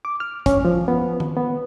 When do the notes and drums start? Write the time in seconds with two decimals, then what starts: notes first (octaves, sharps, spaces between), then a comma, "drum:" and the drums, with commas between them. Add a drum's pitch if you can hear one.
0.05 D6
0.20 F6
0.46 C#4, drum: kick, hi-hat
0.65 F3
0.88 B3
1.20 drum: tom
1.37 B3